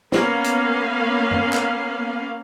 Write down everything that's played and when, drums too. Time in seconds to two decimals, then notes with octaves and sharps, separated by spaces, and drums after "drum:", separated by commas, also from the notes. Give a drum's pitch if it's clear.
0.12 A#3 B3 C#4 F5, drum: snare
0.44 drum: hi-hat
1.31 drum: tom F#2
1.53 drum: clap